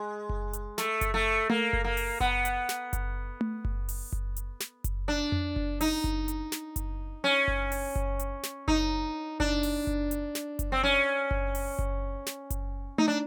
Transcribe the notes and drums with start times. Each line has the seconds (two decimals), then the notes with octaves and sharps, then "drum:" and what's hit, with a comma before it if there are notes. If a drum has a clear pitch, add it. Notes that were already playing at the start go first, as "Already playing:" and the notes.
Already playing: G#3
0.29 drum: kick F#1
0.53 drum: hi-hat
0.78 A3, drum: snare
1.01 drum: kick F#1, hi-hat
1.14 A3
1.50 A#3, drum: tom A3
1.73 drum: kick F#1
1.84 A#3
1.97 drum: open hi-hat
2.20 B3, drum: kick F#1
2.45 drum: hi-hat
2.69 drum: snare
2.93 drum: kick F#1, hi-hat
3.41 drum: tom A3
3.65 drum: kick F#1
3.89 drum: open hi-hat
4.12 drum: kick F#1
4.36 drum: hi-hat
4.60 drum: snare
4.84 drum: kick F#1, hi-hat
5.08 D4
5.32 drum: tom F2
5.56 drum: kick F#1
5.81 D#4, drum: open hi-hat
6.04 drum: kick F#1
6.28 drum: hi-hat
6.52 drum: snare
6.76 drum: kick F#1, hi-hat
7.24 C#4
7.48 drum: kick F#1
7.72 drum: open hi-hat
7.96 drum: kick F#1
8.19 drum: hi-hat
8.43 drum: snare
8.68 D#4, drum: kick F#1
9.40 D4, drum: kick F#1
9.63 drum: open hi-hat
9.87 drum: kick F#1
10.11 drum: hi-hat
10.35 drum: snare
10.59 drum: kick F#1, hi-hat
10.72 C4
10.83 C#4
11.31 drum: kick F#1
11.55 drum: open hi-hat
11.79 drum: kick F#1
12.26 drum: snare
12.50 drum: kick F#1, hi-hat
12.98 D#4, drum: tom A3
13.08 D4